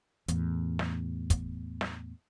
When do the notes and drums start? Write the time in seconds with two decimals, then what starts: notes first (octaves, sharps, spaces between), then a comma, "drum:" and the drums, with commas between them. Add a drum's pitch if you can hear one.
0.28 E2 A2, drum: hi-hat
0.79 drum: snare
1.30 drum: kick, hi-hat
1.81 drum: snare